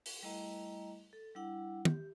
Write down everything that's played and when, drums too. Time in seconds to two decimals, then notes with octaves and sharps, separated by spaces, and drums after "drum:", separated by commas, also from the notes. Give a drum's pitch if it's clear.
0.06 drum: open hi-hat
0.23 G3 A3 E4 D#5 A#5
1.13 A4
1.35 G3 D4 E4 F#5
1.85 G4, drum: tom